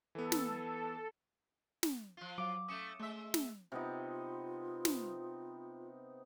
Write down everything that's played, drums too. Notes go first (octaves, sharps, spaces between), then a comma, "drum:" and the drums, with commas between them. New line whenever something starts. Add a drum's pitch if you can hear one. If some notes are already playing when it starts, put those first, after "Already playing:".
E3 B3 A4
drum: snare
drum: snare
F3 F4
F#3 F5 D6
A3 C#4 D#6 C#7 E7
G#3 A3 E5 E6
drum: snare
C3 B3 D#4 F4
drum: snare